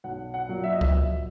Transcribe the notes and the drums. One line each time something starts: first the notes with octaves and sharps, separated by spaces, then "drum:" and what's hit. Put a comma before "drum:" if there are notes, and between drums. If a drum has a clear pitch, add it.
B1 F#5
F#5
A#2 F#3
E5
D#5
E5, drum: kick C#2